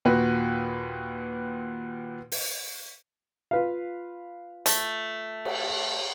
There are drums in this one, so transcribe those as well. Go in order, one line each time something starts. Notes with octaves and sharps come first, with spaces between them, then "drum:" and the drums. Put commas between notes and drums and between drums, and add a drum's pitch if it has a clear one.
D#2 A#2 F#4 B4
drum: open hi-hat
F4 B4 F5
A3, drum: hi-hat
drum: cymbal